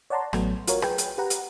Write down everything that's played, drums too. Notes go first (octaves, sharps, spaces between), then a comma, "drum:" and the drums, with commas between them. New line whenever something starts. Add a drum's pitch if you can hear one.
C#5 D5 F#5 A5 A#5 C6
A1 F#3 A3 B3, drum: rim click
F4 F#4 A#4 C#5, drum: hi-hat
G#4 B4 G5, drum: rim click
drum: hi-hat
G4 B4 F#5 A#5
drum: hi-hat